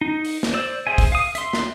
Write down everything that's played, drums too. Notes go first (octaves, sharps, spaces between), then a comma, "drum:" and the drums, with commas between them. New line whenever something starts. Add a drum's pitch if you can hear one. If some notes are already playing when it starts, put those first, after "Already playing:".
D#4
drum: open hi-hat
drum: snare
C5 D5 E6
G#4 C5 E5 G#5
drum: kick, open hi-hat
F5 D#6
E5 C6, drum: hi-hat
drum: snare